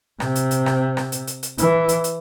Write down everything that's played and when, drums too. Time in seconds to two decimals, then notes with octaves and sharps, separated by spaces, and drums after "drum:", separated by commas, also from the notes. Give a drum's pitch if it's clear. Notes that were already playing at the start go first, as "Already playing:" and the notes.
0.20 C3, drum: rim click
0.36 drum: hi-hat
0.51 drum: hi-hat
0.66 drum: rim click
0.97 drum: rim click
1.12 drum: hi-hat
1.27 drum: hi-hat
1.43 drum: hi-hat
1.58 E3, drum: hi-hat
1.89 drum: hi-hat
2.04 drum: hi-hat